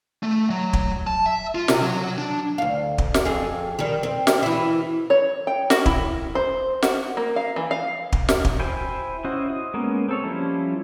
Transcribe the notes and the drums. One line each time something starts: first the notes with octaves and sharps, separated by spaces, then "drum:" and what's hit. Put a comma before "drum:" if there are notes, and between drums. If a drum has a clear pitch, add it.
A3
F#3
drum: kick
A5
E5
F4
C3, drum: snare
F#3
D4
D2 F5
drum: kick
drum: snare
F2 G#4
D#3 G3
C4
drum: snare
E3 E4
C#5
G5
F#4, drum: snare
E4, drum: kick
C5
F#4, drum: snare
A#3
F5
E3
F5
drum: kick
drum: snare
drum: kick
E4 C5 G5 G#5
C#4 E4 F#4 C5 D#5
D#6
G#3 A#3 B3 C#4
C4 A4 C#5
F3 G3 C#4 E4 A4